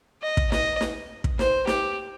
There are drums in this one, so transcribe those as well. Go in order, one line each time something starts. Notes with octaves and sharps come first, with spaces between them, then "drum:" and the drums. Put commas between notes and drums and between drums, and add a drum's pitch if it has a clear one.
D#5
drum: kick
D#5, drum: snare
drum: snare
drum: kick
C5, drum: snare
G4, drum: snare